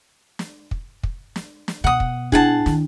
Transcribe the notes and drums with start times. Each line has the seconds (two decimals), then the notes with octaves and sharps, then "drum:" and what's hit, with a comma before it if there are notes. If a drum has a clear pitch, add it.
0.39 drum: snare
0.71 drum: kick
1.03 drum: kick
1.36 drum: snare
1.68 drum: snare
1.84 B2 F#5 D#6
2.00 drum: kick
2.32 D4 E4 G#4 F#5 A5, drum: kick
2.66 D#3, drum: snare